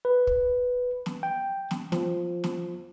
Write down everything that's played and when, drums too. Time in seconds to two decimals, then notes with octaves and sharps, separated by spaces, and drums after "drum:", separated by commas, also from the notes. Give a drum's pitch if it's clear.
0.05 B4
0.27 drum: kick
1.06 drum: snare
1.23 G5
1.71 drum: snare
1.92 F3, drum: snare
2.44 drum: snare